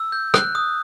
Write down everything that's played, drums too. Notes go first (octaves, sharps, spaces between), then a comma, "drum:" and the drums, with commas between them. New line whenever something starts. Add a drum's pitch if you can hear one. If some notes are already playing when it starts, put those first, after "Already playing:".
Already playing: E6
G6
F#6, drum: rim click
D#6